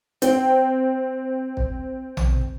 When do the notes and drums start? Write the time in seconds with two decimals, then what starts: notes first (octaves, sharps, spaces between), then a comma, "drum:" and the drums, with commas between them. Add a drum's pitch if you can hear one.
0.22 C4 G5, drum: hi-hat
1.57 drum: kick
2.17 drum: tom A#1